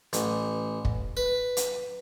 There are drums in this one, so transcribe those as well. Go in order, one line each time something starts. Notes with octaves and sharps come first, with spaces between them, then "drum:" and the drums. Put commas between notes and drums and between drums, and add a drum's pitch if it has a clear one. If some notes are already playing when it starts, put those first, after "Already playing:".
A1, drum: hi-hat
drum: kick
B4
drum: hi-hat